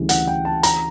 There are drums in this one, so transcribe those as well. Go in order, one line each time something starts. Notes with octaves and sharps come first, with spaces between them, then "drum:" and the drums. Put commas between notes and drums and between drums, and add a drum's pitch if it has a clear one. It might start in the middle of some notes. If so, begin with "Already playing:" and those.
Already playing: D2 C#3 E3 G3
F#5, drum: hi-hat
G5
A5
A#5, drum: hi-hat